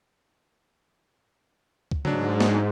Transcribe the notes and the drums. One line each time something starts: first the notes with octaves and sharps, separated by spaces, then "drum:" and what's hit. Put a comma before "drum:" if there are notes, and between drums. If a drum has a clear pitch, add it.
drum: kick C#2
G#2 F#3 D4, drum: tom C#3
drum: snare